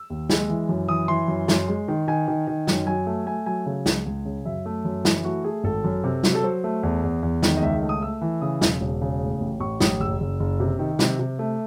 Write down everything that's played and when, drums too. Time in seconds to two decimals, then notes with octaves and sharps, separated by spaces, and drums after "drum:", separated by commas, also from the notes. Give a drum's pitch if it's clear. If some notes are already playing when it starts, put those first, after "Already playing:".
Already playing: E6
0.10 D#2
0.30 G#3, drum: snare
0.50 E3
0.69 F#2
0.88 E3 D#6
1.08 E3 C6
1.28 F#2
1.48 F#2, drum: snare
1.68 G#3
1.88 D#3
2.08 D#3 G#5
2.28 D#3
2.47 D#3
2.67 F#2, drum: snare
2.87 F#3 G#5
3.07 A3
3.26 A3 G#5
3.46 F#3 G#5
3.66 C#3
3.86 C#2, drum: snare
4.06 C#2
4.25 C#3
4.45 F#2 E5
4.66 A3
4.85 F#2
5.05 E3, drum: snare
5.24 A3 F#4
5.44 A3 G#4
5.64 G#1 A4
5.84 F#2
6.04 C3
6.23 F#3, drum: snare
6.35 A4
6.43 F#3 C5
6.64 A3
6.83 E2
7.03 E2
7.23 E2
7.43 D#3, drum: snare
7.57 D#5
7.62 C#2 E5
7.82 A3
7.89 D#6
8.02 A3 E6
8.21 E3
8.42 C#3 D#6
8.62 E1, drum: snare
8.81 E1
9.01 C#3
9.21 A2
9.41 A1
9.60 A1 C#6
9.80 A1 D#6, drum: snare
10.00 F#1 E6
10.20 F#1
10.40 F#1
10.60 C3
10.79 D#3
10.99 C3, drum: snare
11.19 C3
11.39 A3